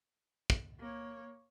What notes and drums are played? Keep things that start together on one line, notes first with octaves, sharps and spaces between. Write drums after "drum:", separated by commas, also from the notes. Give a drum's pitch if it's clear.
drum: kick
A#3 C#5